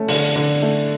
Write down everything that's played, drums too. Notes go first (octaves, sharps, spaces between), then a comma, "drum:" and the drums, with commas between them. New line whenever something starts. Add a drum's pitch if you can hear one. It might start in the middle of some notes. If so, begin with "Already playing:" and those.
Already playing: A3 C#4
D3, drum: open hi-hat
D3
A3